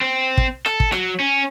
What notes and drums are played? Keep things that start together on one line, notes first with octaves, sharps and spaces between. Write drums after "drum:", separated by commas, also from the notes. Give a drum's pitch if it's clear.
C4
drum: kick
A4, drum: rim click
drum: kick
F#3, drum: rim click
C#4